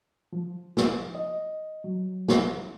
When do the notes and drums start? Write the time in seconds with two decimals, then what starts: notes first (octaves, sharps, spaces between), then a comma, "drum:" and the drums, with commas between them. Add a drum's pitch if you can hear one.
0.33 F3
0.77 drum: snare
1.15 D#5
1.84 F#3
2.28 drum: snare